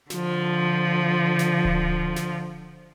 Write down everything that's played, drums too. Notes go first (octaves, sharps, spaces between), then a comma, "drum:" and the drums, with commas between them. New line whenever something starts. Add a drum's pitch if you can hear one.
D3 F3, drum: snare
drum: snare
drum: kick D1
drum: snare